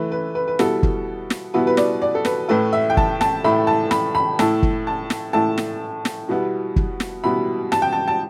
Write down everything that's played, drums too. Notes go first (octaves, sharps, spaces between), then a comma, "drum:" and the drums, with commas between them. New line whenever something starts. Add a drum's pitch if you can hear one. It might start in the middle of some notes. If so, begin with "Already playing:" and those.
Already playing: E3 A3 E4 B4
B4
B4
B4
B2 G3 B3 E4 A4, drum: snare
drum: kick
drum: snare
B2 G3 B3 E4 B4
B4
D5, drum: snare
D5
A4
B4, drum: snare
A2 A3 E4 B4
E5
G5
A5, drum: kick
A5, drum: snare
A2 A3 E4 B5
A5
B5, drum: snare
B5
A2 A3 E4 A5, drum: snare
drum: kick
A5
drum: snare
A2 A3 E4 A5
drum: snare
drum: snare
B2 G3 B3 E4
drum: kick
drum: snare
B2 G3 B3 E4 B5
A5, drum: snare
G5
A5
A5